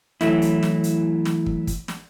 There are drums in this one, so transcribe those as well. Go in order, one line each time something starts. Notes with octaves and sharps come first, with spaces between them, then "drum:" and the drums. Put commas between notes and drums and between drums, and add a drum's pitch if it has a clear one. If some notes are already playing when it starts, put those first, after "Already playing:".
E3 F#3 A3 E4, drum: snare
drum: hi-hat
drum: snare
drum: hi-hat
drum: snare
drum: kick
drum: kick, hi-hat
drum: snare